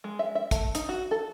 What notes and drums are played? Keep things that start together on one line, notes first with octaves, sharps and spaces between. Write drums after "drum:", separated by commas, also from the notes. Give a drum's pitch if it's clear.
G#3
E5
E5
A3, drum: kick, hi-hat
D#4, drum: hi-hat
F#4
A4